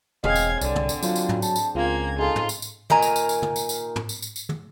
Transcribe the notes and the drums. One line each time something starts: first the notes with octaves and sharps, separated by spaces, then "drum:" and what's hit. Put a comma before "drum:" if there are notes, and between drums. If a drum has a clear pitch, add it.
E1 C4 G#4 C#5 D#5 F5 G#6, drum: tom
drum: tambourine
C2 D3 D5, drum: tambourine
drum: tom
drum: tambourine
F#3 D4 F4 C5, drum: tambourine
drum: tambourine
drum: tom
A5, drum: tambourine
drum: tambourine
C#2 A#3 C4 F4 G#4 G#6
D#4 F4 G#4 A4
drum: tom
drum: tambourine
drum: tambourine
A#2 D#3 G#5 A#5, drum: tom
drum: tambourine
drum: tambourine
drum: tambourine
drum: tom
drum: tambourine
drum: tambourine
drum: tom
drum: tambourine
drum: tambourine
drum: tambourine
drum: tom